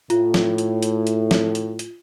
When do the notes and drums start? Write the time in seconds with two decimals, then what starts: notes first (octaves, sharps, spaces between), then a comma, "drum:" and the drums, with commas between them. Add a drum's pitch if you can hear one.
0.10 A2 F4, drum: hi-hat
0.34 drum: snare
0.58 drum: hi-hat
0.83 drum: hi-hat
1.07 drum: hi-hat
1.31 drum: snare
1.55 drum: hi-hat
1.79 drum: hi-hat